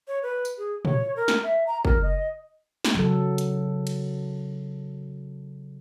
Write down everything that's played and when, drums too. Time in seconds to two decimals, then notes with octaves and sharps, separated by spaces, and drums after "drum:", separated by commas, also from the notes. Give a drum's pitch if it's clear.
0.08 C#5
0.23 B4
0.45 drum: tambourine
0.58 G#4
0.85 C#5, drum: tom
1.16 A#4
1.28 drum: snare
1.43 E5
1.67 A#5
1.85 A#4, drum: kick
2.02 D#5
2.85 drum: snare
2.95 C#3 F#3 A4
3.38 drum: hi-hat
3.87 drum: cymbal